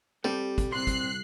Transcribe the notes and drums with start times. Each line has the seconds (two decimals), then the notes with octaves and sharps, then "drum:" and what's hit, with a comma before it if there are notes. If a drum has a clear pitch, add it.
0.24 G3 C4 G4 A4
0.58 drum: kick, hi-hat
0.72 C2 C4 C6 F#6 C7
0.87 drum: kick, hi-hat